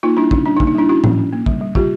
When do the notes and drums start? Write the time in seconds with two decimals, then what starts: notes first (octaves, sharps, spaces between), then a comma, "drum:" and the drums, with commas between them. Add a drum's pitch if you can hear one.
0.03 A#3 D#4 F4
0.17 G3 D4 E4
0.31 C#4 D#4, drum: kick
0.45 G3 D4
0.57 D#4
0.60 A#3, drum: kick
0.67 D#4
0.75 G3 D4 E4
0.89 C#4 E4 F#4
1.04 C#4, drum: tom A2
1.18 C#4
1.33 A#3
1.46 G3, drum: kick
1.61 G3
1.75 G3 F4 G4, drum: kick